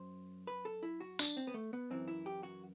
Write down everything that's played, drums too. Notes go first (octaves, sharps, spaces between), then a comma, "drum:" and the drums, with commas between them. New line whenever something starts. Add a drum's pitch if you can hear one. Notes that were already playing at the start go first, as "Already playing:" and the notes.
Already playing: F#2 F#3 C5
B4
A4
E4
F#4
D4, drum: open hi-hat
C4
B3
A3
B3
F#2 E3 C4
E4
G4
F#4